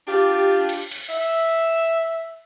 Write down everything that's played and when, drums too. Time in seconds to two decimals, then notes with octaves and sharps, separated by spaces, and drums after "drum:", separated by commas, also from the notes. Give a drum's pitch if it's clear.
0.07 D4 F4 G4
0.69 drum: cymbal
0.91 drum: cymbal
1.09 E5